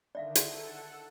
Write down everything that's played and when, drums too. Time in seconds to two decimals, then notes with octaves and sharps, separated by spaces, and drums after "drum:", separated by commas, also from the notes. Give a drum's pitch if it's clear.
0.15 D3 D#3 D5 E5 F5
0.35 drum: hi-hat
0.48 A4 F#5